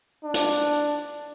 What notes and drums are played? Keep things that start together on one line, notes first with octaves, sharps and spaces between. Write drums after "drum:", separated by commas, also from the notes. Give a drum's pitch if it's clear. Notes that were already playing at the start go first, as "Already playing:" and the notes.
D4
drum: hi-hat